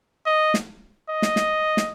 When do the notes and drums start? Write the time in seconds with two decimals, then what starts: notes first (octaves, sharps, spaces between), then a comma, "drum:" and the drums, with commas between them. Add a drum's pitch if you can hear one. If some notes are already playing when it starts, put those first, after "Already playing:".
0.26 D#5
0.54 drum: snare
1.09 D#5
1.22 drum: snare
1.36 drum: snare
1.77 drum: snare